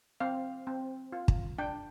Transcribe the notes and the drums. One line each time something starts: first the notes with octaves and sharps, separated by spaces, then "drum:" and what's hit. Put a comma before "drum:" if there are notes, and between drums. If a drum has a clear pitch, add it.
C4 F5
C4
F4
drum: kick
D4 G5